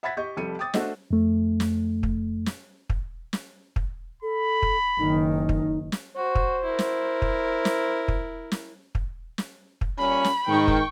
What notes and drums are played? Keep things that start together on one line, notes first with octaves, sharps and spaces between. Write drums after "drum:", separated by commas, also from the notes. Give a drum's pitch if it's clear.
E5 F#5 B5 G#6 A6 B6
G4 D#5 C#6 G6
F1 F2 G3 A4 C#7 D#7
G5 D6 D#6 A6
A3 D4 F#4 A4 C5 D#5, drum: snare
F2 A3
drum: snare
drum: kick
drum: snare
drum: kick
drum: snare
drum: kick
A4 B5
drum: kick
F#1 D#3 D#4
drum: kick
drum: snare
F#4 C5
drum: kick
E4 A#4
drum: snare
drum: kick
drum: snare
drum: kick
drum: snare
drum: kick
drum: snare
drum: kick
A#2 G3 C#4 B5
drum: snare
G#2 D#3 G5 C#6
drum: kick